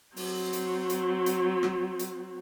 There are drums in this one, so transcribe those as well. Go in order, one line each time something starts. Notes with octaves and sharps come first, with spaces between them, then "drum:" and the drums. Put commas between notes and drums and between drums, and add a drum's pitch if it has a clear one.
F#3 C4, drum: open hi-hat
drum: hi-hat
drum: hi-hat
drum: hi-hat
drum: rim click
drum: hi-hat